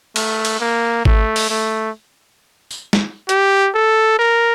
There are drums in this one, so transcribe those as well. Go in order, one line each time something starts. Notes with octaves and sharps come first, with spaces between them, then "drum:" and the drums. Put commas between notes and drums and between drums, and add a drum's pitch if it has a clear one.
A3, drum: cymbal
drum: cymbal
A#3
A3, drum: kick G#1
drum: open hi-hat
A3
drum: tambourine
drum: snare
G4, drum: hi-hat
A4
A#4